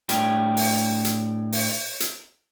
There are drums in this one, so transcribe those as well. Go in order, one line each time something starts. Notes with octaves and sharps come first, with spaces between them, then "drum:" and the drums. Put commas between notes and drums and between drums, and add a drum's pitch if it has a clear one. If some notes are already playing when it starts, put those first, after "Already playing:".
A2 D4 G4, drum: hi-hat
drum: open hi-hat
drum: hi-hat
drum: open hi-hat
drum: hi-hat